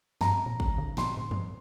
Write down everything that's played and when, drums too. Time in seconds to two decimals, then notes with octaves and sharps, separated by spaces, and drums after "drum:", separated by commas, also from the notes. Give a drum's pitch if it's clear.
0.21 G2 A#5, drum: snare
0.46 A#2
0.60 drum: kick
0.78 D3
0.97 A#2 C6, drum: snare
1.17 A2
1.31 G2, drum: tom E3